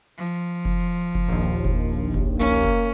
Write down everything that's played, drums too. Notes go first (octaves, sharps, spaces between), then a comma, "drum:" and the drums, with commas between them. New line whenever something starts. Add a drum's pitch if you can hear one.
F3
drum: kick F1
drum: kick F1
A#1 D#2
drum: kick F1
drum: kick F1
A#3 C#4
drum: kick F1